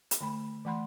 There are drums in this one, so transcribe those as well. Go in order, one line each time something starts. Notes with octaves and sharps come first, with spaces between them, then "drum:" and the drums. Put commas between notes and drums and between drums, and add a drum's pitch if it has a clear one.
drum: hi-hat
D3 A3 B5
E3 A3 F#5 B5 C6